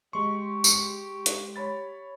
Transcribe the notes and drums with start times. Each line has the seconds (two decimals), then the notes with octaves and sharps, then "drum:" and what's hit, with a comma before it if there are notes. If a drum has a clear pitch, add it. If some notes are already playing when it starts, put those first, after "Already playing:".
0.13 G#3 G4 C6 C#6
0.64 drum: tambourine
1.26 drum: hi-hat
1.56 C#5 B5 A6